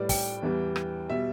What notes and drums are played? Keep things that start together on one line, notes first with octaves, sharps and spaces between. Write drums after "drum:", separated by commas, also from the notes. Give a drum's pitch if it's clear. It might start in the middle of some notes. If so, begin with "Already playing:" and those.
Already playing: A2 G3 B4 D5
G5, drum: kick, open hi-hat
E2 E3 G3
drum: rim click
B2 G3 E5